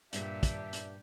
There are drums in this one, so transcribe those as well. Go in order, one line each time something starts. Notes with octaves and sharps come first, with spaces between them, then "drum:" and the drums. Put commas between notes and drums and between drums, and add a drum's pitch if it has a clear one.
G2 A#2 D4 G4 E5, drum: hi-hat
drum: kick, hi-hat
drum: hi-hat